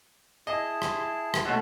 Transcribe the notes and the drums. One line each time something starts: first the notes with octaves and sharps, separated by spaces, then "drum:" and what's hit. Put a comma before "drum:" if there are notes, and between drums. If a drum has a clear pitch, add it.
E4 G#4 D#5 A5
drum: rim click
drum: rim click
B2 G#3 A3 C#5 A5